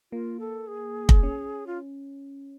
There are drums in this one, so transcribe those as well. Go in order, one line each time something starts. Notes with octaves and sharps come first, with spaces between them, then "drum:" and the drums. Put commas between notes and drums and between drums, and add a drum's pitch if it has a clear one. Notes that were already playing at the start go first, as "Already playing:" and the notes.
A#3 F4
A4
G#4
drum: kick
C#4
F4